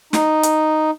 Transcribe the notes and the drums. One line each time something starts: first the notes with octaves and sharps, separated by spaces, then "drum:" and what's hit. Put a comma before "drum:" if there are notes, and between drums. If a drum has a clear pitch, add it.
D#4, drum: snare
drum: hi-hat